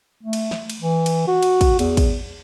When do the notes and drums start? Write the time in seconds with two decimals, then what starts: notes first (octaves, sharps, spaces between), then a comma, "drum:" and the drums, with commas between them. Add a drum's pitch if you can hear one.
0.23 A3
0.33 drum: cymbal
0.51 drum: snare
0.70 drum: cymbal
0.81 E3
1.06 drum: cymbal
1.28 F#4
1.43 drum: cymbal
1.61 drum: kick, cymbal
1.79 E2, drum: cymbal
1.97 drum: kick, cymbal